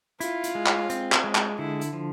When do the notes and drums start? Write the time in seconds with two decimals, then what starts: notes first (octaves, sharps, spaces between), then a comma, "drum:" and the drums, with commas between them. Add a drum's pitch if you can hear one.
0.20 E4 F4, drum: hi-hat
0.44 drum: hi-hat
0.55 G#3
0.67 drum: clap
0.90 C4, drum: hi-hat
1.12 drum: clap
1.24 G#3
1.35 drum: clap
1.58 D3 E4
1.81 drum: hi-hat
1.93 F3